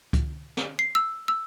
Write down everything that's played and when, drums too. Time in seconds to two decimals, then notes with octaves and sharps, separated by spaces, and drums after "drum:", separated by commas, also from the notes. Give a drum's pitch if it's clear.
0.13 drum: kick C#2, hi-hat
0.57 drum: snare
0.79 C7
0.95 E6
1.28 E6